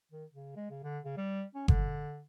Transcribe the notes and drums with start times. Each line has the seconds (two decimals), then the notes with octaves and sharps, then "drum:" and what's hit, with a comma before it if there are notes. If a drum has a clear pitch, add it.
0.12 D#3
0.33 C#3
0.56 G#3
0.71 C#3
0.84 D3
1.05 C#3
1.17 G3
1.55 C#4
1.68 D3, drum: kick G1